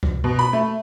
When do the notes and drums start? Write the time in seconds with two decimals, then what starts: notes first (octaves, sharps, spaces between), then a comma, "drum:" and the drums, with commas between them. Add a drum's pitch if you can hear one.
0.03 drum: kick C#2
0.24 B2
0.39 B5
0.53 A3